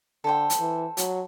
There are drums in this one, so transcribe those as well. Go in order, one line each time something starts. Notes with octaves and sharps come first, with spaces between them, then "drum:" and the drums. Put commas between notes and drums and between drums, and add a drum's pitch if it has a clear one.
D3 A4 C5 G5
drum: hi-hat
E3
F#3, drum: hi-hat